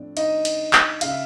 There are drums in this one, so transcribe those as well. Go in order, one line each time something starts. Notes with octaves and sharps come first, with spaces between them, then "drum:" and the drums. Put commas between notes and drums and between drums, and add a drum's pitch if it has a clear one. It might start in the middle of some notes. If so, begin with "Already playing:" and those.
Already playing: A2 F3 A3 C4 D4
D#4 D#5, drum: cymbal
drum: cymbal
drum: clap
C#3 F5, drum: cymbal
E5